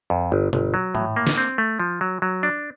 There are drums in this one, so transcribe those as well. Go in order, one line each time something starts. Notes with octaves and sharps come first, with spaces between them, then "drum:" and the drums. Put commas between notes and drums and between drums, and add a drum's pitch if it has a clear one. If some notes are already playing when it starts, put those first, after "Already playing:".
F2
G1
G1, drum: tom B2
F#3
A2, drum: tom G#2
A#3
drum: snare
C4
A3
F3
F#3
F#3
D4